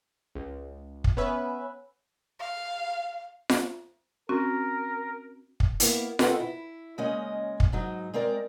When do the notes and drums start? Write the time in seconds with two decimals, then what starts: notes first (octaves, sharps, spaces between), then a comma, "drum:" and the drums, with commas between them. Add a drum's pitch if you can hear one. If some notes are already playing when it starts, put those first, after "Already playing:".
0.35 C#2
1.04 drum: kick
1.17 B3 C#4 B4 E5
2.39 F5
3.49 drum: snare F4
4.29 C4 C#4 F#4 A#4
5.60 drum: kick
5.80 A#3 B3 E4, drum: hi-hat
6.19 C4 F4 A4 B4 D#5 F#5, drum: snare F4
6.40 E4
6.98 C#3 G#3 A#3 C#4 D#5
7.60 drum: kick
7.72 G#2 F#3 D#4
8.14 G#3 C4 A#4 D5